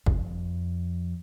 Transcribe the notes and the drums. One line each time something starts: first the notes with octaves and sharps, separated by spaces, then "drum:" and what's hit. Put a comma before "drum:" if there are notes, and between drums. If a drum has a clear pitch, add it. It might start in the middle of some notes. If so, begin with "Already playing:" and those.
F2, drum: kick